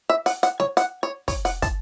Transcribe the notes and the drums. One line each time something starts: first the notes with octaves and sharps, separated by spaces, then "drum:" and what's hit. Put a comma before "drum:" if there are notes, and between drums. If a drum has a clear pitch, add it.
E5
F#5, drum: open hi-hat
F#5, drum: hi-hat
C#5, drum: snare
F#5, drum: hi-hat
C#5
C#5, drum: kick, open hi-hat
F#5, drum: open hi-hat
A5, drum: kick, hi-hat